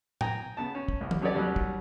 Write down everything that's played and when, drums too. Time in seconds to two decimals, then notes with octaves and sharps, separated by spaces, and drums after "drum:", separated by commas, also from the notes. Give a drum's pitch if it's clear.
0.21 G5 G#5 A#5, drum: tom A2
0.57 C#3 B3 A5
0.75 C#4
0.88 drum: kick
1.01 C2
1.11 drum: tom D#3
1.22 F#3 C#4 G4 A4 C#5 D5
1.34 D#2 F#3 G3 C#4 F#6
1.56 drum: kick